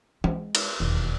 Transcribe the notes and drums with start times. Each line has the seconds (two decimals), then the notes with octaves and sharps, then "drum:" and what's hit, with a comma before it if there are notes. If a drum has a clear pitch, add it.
0.24 G#3, drum: tom
0.55 drum: cymbal
0.80 E1 D#2